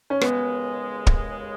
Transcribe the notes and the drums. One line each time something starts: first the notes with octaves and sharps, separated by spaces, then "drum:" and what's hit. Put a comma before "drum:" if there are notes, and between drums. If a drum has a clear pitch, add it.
C#4
D#2 C#3 G#3 B3, drum: rim click
drum: kick